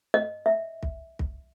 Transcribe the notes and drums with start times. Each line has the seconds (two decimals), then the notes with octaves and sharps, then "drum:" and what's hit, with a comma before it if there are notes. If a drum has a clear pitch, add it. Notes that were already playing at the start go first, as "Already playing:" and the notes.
0.14 D#5
0.46 E5
0.83 drum: kick
1.19 drum: kick